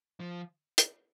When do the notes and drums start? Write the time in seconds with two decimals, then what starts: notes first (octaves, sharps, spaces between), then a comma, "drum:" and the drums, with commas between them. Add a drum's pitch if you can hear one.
0.20 F3
0.78 drum: hi-hat